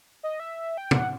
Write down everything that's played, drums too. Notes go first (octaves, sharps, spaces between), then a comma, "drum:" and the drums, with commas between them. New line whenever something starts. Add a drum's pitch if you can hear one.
D#5
E5
G5
F#5, drum: tom